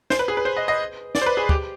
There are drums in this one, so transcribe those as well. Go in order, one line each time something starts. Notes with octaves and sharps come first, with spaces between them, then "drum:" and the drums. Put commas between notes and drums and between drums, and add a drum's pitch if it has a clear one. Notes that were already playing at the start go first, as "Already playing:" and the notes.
C5, drum: snare
B4
G#4
B4
C5
D#5
D#5
D5, drum: snare
C5
B4
G#4
G4, drum: kick